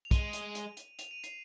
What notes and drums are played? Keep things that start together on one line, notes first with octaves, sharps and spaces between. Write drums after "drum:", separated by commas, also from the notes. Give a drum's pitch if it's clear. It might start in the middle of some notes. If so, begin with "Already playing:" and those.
F7
G#3 D#7, drum: kick, hi-hat
drum: hi-hat
drum: hi-hat
drum: hi-hat
F7, drum: hi-hat
D#7
C7, drum: hi-hat